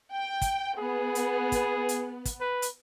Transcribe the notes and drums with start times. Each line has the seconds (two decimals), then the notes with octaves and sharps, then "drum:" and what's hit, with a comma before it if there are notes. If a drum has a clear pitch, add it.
0.12 G5
0.42 drum: kick, hi-hat
0.78 B3 G#4
1.15 drum: hi-hat
1.52 drum: kick, hi-hat
1.89 drum: hi-hat
2.25 drum: kick, hi-hat
2.41 B4
2.62 drum: hi-hat